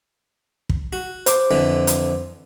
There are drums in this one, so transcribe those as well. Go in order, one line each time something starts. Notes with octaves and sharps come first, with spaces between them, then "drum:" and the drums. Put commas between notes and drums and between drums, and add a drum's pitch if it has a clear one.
drum: kick
F#4
C5 D6, drum: hi-hat
F2 D3 E3
drum: hi-hat